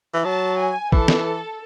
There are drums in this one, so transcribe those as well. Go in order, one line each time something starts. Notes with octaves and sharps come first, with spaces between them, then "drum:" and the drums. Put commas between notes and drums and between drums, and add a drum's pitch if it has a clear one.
E3
F#3 A5
G#5
E3 A4, drum: kick
drum: snare